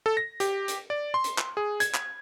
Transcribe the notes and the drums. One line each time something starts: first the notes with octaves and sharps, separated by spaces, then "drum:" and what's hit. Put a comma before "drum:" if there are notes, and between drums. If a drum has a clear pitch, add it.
A4
A#6
G4, drum: hi-hat
drum: hi-hat
D5
C6
drum: hi-hat
drum: clap
G#4
G#6, drum: hi-hat
drum: clap